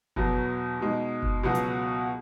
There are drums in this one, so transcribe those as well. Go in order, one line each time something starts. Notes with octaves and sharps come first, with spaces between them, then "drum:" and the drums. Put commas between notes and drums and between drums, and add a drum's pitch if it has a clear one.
E2 B2 F#3 B3, drum: kick F#1
B2 G#3 D#4
drum: kick F#1
C#2 B2 F#3 B3 F#4
drum: hi-hat